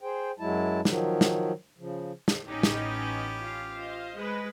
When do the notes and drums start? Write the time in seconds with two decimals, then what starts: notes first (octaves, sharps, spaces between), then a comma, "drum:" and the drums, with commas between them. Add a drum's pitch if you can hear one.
0.01 G#4 C5 G5
0.39 F#2 F#3 G#3 E4 A5
0.85 D#3 F3 F#3, drum: snare
1.21 drum: snare
1.78 C#3 F3
2.28 drum: snare
2.47 A1 B3 C#4 D#4 G4
2.63 drum: snare
3.38 F4 F5
3.74 C5 D#5
4.14 G#3 B4